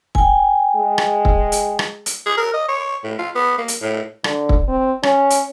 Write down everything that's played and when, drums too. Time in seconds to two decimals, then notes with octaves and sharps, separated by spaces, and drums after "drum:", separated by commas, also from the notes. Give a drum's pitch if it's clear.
0.15 G5 G#5, drum: kick
0.76 G#3
0.98 drum: rim click
1.25 drum: kick
1.52 drum: hi-hat
1.79 drum: rim click
2.06 drum: hi-hat
2.26 G#4
2.38 A#4
2.54 D#5
2.68 C#5
3.04 A2
3.19 F4
3.35 B3
3.58 A#3
3.68 drum: hi-hat
3.81 A2
4.24 D3, drum: rim click
4.49 drum: kick
4.68 C4
5.03 C#4, drum: rim click
5.30 drum: hi-hat